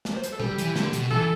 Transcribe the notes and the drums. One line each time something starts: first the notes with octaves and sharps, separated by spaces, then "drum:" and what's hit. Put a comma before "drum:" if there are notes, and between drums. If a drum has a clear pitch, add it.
drum: snare
C5
B4, drum: hi-hat
A4
G3 G4, drum: tom A#2
E3, drum: hi-hat
D3, drum: snare
B2, drum: hi-hat
E3 A4, drum: tom A#2